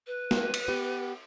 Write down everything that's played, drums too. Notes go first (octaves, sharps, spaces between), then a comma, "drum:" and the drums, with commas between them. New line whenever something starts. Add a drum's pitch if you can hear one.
B4
drum: snare
drum: cymbal
B3 G4